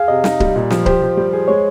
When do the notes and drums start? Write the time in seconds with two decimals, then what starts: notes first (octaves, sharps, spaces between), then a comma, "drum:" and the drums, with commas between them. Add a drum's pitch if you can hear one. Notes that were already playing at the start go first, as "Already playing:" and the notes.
Already playing: G#4 F5
0.08 C3 D#5
0.24 D#4, drum: snare
0.40 G3, drum: kick C#1
0.56 A#2
0.70 F3, drum: snare
0.86 G4 C5, drum: kick C#1
1.02 F3
1.17 G3
1.33 G#4
1.48 G#3 C#5